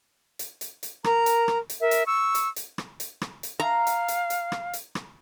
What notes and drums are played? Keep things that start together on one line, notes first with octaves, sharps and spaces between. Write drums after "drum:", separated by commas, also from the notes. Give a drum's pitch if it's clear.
drum: hi-hat
drum: hi-hat
drum: hi-hat
A#4 A#5, drum: rim click
drum: hi-hat
drum: rim click
drum: hi-hat
A#4 E5
drum: hi-hat
C#6 E6
drum: hi-hat
drum: hi-hat
drum: rim click
drum: hi-hat
drum: rim click
drum: hi-hat
F5 A#5
drum: hi-hat
drum: hi-hat
drum: hi-hat
drum: rim click
drum: hi-hat
drum: rim click